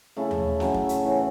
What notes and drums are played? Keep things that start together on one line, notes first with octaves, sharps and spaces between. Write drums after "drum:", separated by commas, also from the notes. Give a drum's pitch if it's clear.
C#3 A3 E4 A4
drum: tom D#2
F#3 C#4 E4, drum: snare
drum: kick
drum: hi-hat
A2 E3 B3